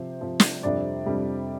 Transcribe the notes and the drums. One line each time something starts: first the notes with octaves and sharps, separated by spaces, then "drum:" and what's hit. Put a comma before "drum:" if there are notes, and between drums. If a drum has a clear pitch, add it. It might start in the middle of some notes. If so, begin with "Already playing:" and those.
Already playing: C3 F3 C4 C5
C3 F3 C4
drum: snare
F2 C3 G3 D4 D5
F2 C3 G3 D4